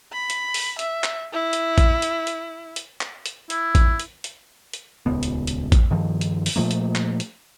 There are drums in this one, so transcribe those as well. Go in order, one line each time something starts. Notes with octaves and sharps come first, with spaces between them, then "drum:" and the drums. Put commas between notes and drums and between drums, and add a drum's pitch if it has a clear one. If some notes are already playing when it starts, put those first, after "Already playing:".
B5
drum: hi-hat
drum: open hi-hat
E5, drum: hi-hat
drum: clap
E4
drum: hi-hat
drum: kick A1, hi-hat
drum: hi-hat
drum: hi-hat
drum: hi-hat
drum: clap
drum: hi-hat
E4, drum: hi-hat
drum: kick A1, hi-hat
drum: hi-hat
drum: hi-hat
drum: hi-hat
D#1 C#2 B3
drum: hi-hat
drum: hi-hat
drum: kick A1, hi-hat
G2 D#3 F3
drum: hi-hat
drum: open hi-hat
A#2 F3 A3 A#3
drum: hi-hat
drum: clap
drum: hi-hat